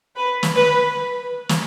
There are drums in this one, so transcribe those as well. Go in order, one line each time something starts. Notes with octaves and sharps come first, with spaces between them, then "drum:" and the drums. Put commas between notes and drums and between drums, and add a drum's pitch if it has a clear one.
B4
drum: snare
B4
drum: snare